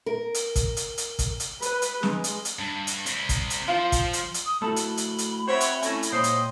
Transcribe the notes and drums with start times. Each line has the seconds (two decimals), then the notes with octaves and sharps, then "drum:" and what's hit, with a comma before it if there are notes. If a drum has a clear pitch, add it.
0.06 A#4
0.34 drum: hi-hat
0.56 drum: kick, hi-hat
0.77 drum: hi-hat
0.98 drum: hi-hat
1.19 drum: kick, hi-hat
1.40 drum: hi-hat
1.62 B4, drum: hi-hat
1.82 drum: hi-hat
2.03 G#3, drum: snare
2.24 drum: hi-hat
2.45 drum: hi-hat
2.59 G2
2.87 drum: hi-hat
3.06 C3 G3, drum: hi-hat
3.29 drum: kick, hi-hat
3.50 drum: hi-hat
3.68 F3 F4 C5
3.92 drum: kick, hi-hat
4.13 drum: hi-hat
4.34 drum: hi-hat
4.45 D#6
4.62 A3 E4 F#4 A4 B5
4.76 drum: hi-hat
4.97 drum: hi-hat
5.18 drum: hi-hat
5.48 C4 F#4 C#5 E5 G5
5.61 drum: hi-hat
5.83 A3 C#4 E4 G#5 G#6 A#6, drum: hi-hat
6.03 drum: hi-hat
6.12 A#2 A#3 C5 C#5 D#5 G5 C6
6.24 drum: hi-hat